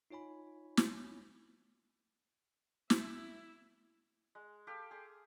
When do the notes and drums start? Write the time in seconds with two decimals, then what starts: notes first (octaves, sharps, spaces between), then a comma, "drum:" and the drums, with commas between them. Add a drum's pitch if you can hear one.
0.11 D#4 F4 C#5 G#5 B5
0.77 drum: snare
2.90 E4 E5, drum: snare
4.35 G#3
4.67 G4 A4 F5
4.91 G#4 C6